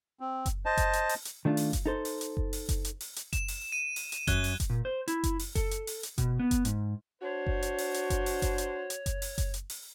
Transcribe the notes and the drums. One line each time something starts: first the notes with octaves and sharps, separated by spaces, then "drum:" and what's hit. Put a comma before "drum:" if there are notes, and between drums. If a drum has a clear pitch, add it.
C4
drum: kick F#1, hi-hat
C5 D#5 A5
drum: kick F#1, hi-hat
drum: hi-hat
drum: open hi-hat
drum: hi-hat
D#3 A3 D4 F4
drum: open hi-hat
drum: kick F#1, hi-hat
D#4 A4 C5
drum: open hi-hat
drum: hi-hat
drum: kick F#1
drum: open hi-hat
drum: kick F#1, hi-hat
drum: hi-hat
drum: open hi-hat
drum: hi-hat
E7, drum: kick F#1, hi-hat
drum: open hi-hat
D#7
drum: open hi-hat
drum: hi-hat
F#2 F#6 G#6 G7, drum: kick F#1, hi-hat
drum: open hi-hat
drum: kick F#1, hi-hat
A#2
C5
E4, drum: hi-hat
drum: kick F#1, hi-hat
drum: open hi-hat
A4, drum: kick F#1, hi-hat
drum: hi-hat
drum: open hi-hat
drum: hi-hat
B2, drum: kick F#1, hi-hat
B3
drum: kick F#1, hi-hat
G#2, drum: hi-hat
D4 F#4 C5 C#5
drum: kick F#1
drum: hi-hat
drum: open hi-hat
drum: hi-hat
drum: kick F#1, hi-hat
drum: open hi-hat
drum: kick F#1, hi-hat
drum: hi-hat
drum: hi-hat
drum: kick F#1, hi-hat
drum: open hi-hat
drum: kick F#1, hi-hat
drum: hi-hat
drum: open hi-hat